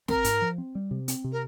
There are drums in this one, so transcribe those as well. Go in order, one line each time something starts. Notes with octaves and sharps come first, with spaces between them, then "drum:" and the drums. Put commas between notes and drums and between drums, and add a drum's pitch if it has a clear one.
C4 A#4, drum: snare
G#2, drum: hi-hat
F3
C4
G3
C3
C4, drum: hi-hat
C3
A#4